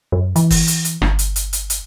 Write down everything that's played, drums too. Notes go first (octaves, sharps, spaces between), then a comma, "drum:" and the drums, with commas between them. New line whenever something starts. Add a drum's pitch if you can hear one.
F#2
E3, drum: hi-hat
drum: kick, open hi-hat
drum: hi-hat
drum: hi-hat
G1, drum: rim click
drum: hi-hat
drum: hi-hat
drum: hi-hat
drum: hi-hat